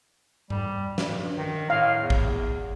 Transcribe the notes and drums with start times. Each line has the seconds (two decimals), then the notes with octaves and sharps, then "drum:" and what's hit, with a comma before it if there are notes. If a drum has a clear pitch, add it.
0.50 G3, drum: tom G2
0.98 G2, drum: snare
1.38 D#3
1.70 A2 F5
1.99 E2
2.10 drum: kick A1